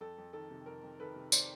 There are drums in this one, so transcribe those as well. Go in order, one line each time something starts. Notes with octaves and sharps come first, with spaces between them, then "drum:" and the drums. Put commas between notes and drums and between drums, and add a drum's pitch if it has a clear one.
F2 A4
F2
D#3 A4
C3
F2 A#4
F2
D#3 A4 B4
C3
C5 D5, drum: tambourine